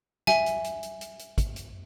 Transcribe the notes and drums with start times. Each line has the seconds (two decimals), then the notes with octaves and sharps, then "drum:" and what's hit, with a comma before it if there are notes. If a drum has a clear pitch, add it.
0.27 E5 G#5, drum: snare
0.46 drum: hi-hat
0.64 drum: hi-hat
0.83 drum: hi-hat
1.01 drum: hi-hat
1.19 drum: hi-hat
1.38 drum: kick, hi-hat
1.56 drum: hi-hat